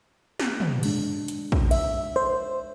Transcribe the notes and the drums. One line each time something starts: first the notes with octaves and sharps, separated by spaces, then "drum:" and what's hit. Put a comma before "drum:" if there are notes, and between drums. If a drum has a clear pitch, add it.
drum: snare
drum: tom
G#3 D4, drum: cymbal
drum: hi-hat
drum: kick
E5, drum: cymbal
C5